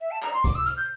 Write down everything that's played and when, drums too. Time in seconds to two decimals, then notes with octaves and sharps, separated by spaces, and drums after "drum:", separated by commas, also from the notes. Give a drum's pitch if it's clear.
0.01 E5
0.11 A5
0.23 A#5, drum: clap
0.34 C6
0.44 D6, drum: kick, hi-hat
0.55 E6
0.66 F6, drum: hi-hat
0.77 G6